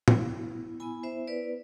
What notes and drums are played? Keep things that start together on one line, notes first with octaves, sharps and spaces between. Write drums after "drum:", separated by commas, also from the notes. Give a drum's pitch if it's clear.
B3 E4, drum: tom A2
B3 E4 G#5 B5
C5 E5
B4 D5